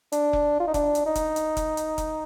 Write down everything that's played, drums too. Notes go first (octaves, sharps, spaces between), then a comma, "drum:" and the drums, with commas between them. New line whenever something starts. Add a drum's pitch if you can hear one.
D4, drum: hi-hat
drum: kick F1
F4
D#4
D4, drum: kick F1, hi-hat
drum: hi-hat
D#4
drum: kick F1, hi-hat
drum: hi-hat
drum: kick F1, hi-hat
drum: hi-hat
drum: kick F1, hi-hat